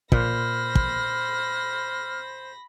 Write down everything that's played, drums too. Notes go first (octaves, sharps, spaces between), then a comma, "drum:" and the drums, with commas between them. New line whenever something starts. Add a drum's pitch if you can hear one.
A#2 C5 B5 F6 A#6, drum: kick
drum: kick